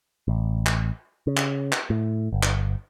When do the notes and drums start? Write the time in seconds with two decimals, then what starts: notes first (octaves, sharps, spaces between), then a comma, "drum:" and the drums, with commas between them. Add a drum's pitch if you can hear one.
0.28 A1
0.66 drum: clap
1.27 C#3
1.37 drum: clap
1.72 drum: clap
1.90 A2
2.33 G1
2.43 drum: clap